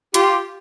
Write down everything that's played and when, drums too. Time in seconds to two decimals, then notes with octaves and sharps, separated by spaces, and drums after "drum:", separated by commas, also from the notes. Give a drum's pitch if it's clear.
0.14 F4 G4, drum: hi-hat